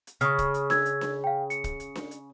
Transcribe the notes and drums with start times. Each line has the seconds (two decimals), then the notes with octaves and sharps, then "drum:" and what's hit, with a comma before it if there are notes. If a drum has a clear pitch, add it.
0.07 drum: hi-hat
0.21 C#3 C#6 F6, drum: hi-hat
0.39 drum: kick, hi-hat
0.54 drum: hi-hat
0.70 E6 G#6, drum: snare D4
0.86 drum: hi-hat
1.01 drum: snare D4
1.24 F5 G5
1.50 C#7, drum: hi-hat
1.64 drum: kick, hi-hat
1.80 drum: hi-hat
1.95 drum: snare D4
2.11 drum: hi-hat